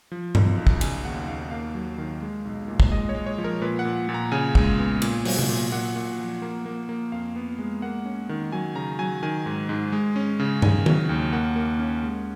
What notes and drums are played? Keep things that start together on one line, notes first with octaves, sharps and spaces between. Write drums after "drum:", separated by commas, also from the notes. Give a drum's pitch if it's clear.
F3
B1, drum: tom G2
B1
drum: kick
C#3 G#5, drum: cymbal
D#2 F#5
D#2 F5
A#3 F5
F#3
D#3
G#3
B1
A#2
drum: kick
G#3 D#5
C#5
G#3
C#5
F3
A#4
A#2 B4
F#5
A#2
A#2
A#5
C#3 G#5
G#3, drum: kick
B3
A#2, drum: cymbal
F#3, drum: open hi-hat
drum: tom C3
A#2
A#2 F#5
A#2
F3
A#3
A#3
A#3
F2 F5
B3
G#3
A#3 F#5
C#4
D#3
F#3 G#5
C#3 A#5
F#3 G#5
D#3 G#5
G#2
G#2
G#3
C#4
C#3
D#3 G#5, drum: tom G2
F#3, drum: tom D#3
D#2
A#3 F#5
A#3
C#4
G#3